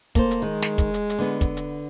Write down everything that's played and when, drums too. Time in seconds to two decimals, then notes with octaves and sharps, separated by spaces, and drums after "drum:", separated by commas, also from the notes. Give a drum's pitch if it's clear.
0.15 A#3 A4 C5, drum: kick, hi-hat
0.31 drum: hi-hat
0.42 D#3 G#3
0.62 drum: snare
0.78 drum: kick, hi-hat
0.94 drum: hi-hat
1.10 drum: hi-hat
1.19 D3 B3
1.41 drum: kick, hi-hat
1.57 drum: hi-hat